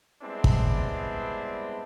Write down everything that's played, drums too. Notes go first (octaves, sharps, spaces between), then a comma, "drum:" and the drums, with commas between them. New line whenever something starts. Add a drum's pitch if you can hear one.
G3 G#3 B3 C4 D4 E4
drum: kick